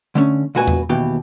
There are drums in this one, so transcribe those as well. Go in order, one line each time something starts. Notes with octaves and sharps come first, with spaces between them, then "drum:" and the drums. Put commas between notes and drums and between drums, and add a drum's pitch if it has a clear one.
D3 A3 C#4
C#2 A#2 F#4 B4 G#5
drum: tom E2
D#2 B2 E3 G4